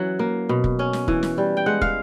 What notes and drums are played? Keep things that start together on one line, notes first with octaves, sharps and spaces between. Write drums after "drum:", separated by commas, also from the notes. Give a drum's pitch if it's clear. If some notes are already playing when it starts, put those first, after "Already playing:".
Already playing: E3 F#3 C#4 F#5
A#3
B2
drum: kick
C#4
drum: snare
E3, drum: kick
drum: snare
G3
G5
G#3 F#5
F5, drum: kick